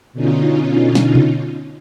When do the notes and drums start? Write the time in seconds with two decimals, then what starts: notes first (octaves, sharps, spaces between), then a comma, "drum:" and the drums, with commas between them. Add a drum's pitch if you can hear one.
0.13 B2 D3 C#4 D#4 F4
0.95 drum: snare
1.15 drum: tom B2